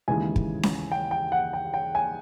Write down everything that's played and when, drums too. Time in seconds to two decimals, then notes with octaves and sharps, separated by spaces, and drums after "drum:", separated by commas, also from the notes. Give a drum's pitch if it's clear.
0.08 D#2 C#3 E3 G#3 G#5
0.36 drum: kick
0.63 drum: snare C#4
0.92 G5
1.11 G5
1.32 F#5
1.53 G5
1.74 G5
1.95 G#5